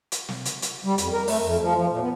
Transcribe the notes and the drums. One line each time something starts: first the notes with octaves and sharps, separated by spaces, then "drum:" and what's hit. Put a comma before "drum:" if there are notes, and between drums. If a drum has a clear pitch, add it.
drum: hi-hat
drum: snare
drum: hi-hat
drum: hi-hat
G3
F2, drum: hi-hat
A#4
A3, drum: open hi-hat
F2
F3
F3
A#2
B3